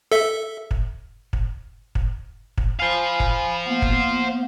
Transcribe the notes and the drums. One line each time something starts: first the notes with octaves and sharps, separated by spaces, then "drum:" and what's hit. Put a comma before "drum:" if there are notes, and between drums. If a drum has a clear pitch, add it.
A4 E5
drum: kick
drum: kick
drum: kick
drum: kick
C5 F5 G#5 B5
drum: kick
A#3 B3
drum: kick